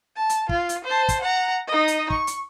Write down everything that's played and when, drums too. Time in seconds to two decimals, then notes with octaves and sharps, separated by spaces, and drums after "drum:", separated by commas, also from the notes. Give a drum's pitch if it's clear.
0.16 A5
0.29 drum: hi-hat
0.49 F4, drum: kick
0.69 drum: hi-hat
0.85 C5 A5
1.09 drum: kick, hi-hat
1.21 F#5 A#5
1.67 D#4 D#5
1.88 drum: hi-hat
2.10 C#6, drum: kick
2.27 drum: hi-hat